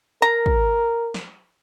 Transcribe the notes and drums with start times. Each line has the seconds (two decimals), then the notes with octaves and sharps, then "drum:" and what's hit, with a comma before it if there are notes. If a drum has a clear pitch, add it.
0.22 A#4 A#5
0.46 drum: kick
1.14 drum: snare